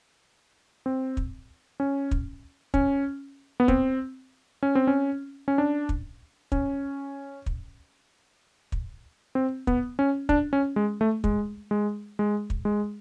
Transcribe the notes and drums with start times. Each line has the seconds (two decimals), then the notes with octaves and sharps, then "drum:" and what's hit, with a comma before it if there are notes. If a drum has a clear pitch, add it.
0.86 C4
1.17 drum: kick
1.80 C#4
2.11 drum: kick
2.74 C#4, drum: kick
3.60 B3
3.68 C4, drum: kick
4.63 C#4
4.75 C4
4.87 C#4
5.48 C#4
5.58 D4
5.89 drum: kick
6.52 C#4, drum: kick
7.46 drum: kick
8.72 drum: kick
9.35 C4
9.67 B3, drum: kick
9.99 C#4
10.29 D4, drum: kick
10.53 C#4
10.76 G#3
11.01 A3
11.24 G#3, drum: kick
11.71 G#3
12.19 G#3
12.50 drum: kick
12.65 G#3